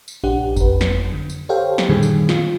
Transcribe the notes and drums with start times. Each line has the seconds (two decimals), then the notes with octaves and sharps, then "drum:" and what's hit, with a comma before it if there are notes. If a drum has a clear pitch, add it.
0.08 drum: tambourine
0.24 A#1 G2 D4 G4 F#5
0.56 F2 B4, drum: kick G1, tambourine
0.81 drum: snare
1.13 D3
1.30 drum: tambourine
1.49 G4 A4 C5 C#5 F5 G5
1.78 drum: snare
1.89 F#2 A#2 D3 D#3 G3 G#4
2.03 drum: tambourine
2.29 F4, drum: snare